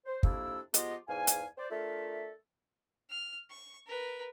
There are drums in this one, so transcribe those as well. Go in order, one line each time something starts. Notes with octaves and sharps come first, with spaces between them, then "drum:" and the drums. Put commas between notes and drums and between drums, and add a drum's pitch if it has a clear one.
C5
F2 C3 A#3 D4 E4 E6, drum: kick
F3 G#3 B3 F4 G4 D#5, drum: hi-hat
E2 G#2 F5 G#5
drum: hi-hat
C5 D5
A3 D4 F4 A4 A#4 E5
F6
C#6
A#4 B4